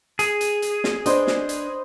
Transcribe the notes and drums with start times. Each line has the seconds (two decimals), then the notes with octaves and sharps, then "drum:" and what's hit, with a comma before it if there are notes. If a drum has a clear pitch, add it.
0.19 G#4, drum: hi-hat
0.41 drum: hi-hat
0.62 drum: hi-hat
0.84 drum: snare
1.06 D4 B4 C5 D#5, drum: hi-hat
1.27 drum: snare
1.49 drum: hi-hat